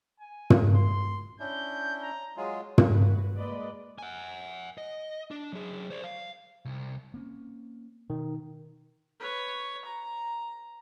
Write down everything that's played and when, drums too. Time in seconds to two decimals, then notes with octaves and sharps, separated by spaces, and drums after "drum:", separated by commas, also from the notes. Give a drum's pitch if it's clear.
0.20 G#5
0.50 drum: tom
0.75 C6
1.40 C#4 D4 E4 G6
2.02 A#5
2.37 F#3 G#3 F4 G#4
2.78 drum: tom
2.88 F#4 B4
3.36 G#3 A#3 B4 D5 D#5
3.98 F#5 G#5
4.78 D#5
5.31 D4
5.53 F#3 G#4
5.90 C5 D5
6.04 F5
6.65 C2
7.14 A#3 C4 C#4
8.10 B2 D#3
9.20 B4 C#5
9.85 A#5